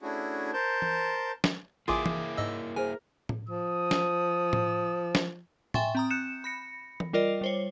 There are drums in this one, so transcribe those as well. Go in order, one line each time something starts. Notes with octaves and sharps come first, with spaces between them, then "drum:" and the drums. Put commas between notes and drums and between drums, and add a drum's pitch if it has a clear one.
A3 C#4 D4 E4 F#4 G#4
A#4 C5 A5 G6
drum: tom E3
drum: snare
A1 A#3 E4 F4 G#4 G#5 C6 D6
drum: tom E3
G#2 D#5 E6
G#4 A#4 C5 G#5
drum: tom A2
F3 D#6
drum: snare
drum: tom A2
drum: snare
E5 G5 G#5 C6 C#6 A6, drum: tom A2
C4 A#5 D#6
F#6 G6 C#7 E7
B5 A#6 C#7
drum: tom E3
G3 F4 A#4 D5 D#5
G3 C5 C#5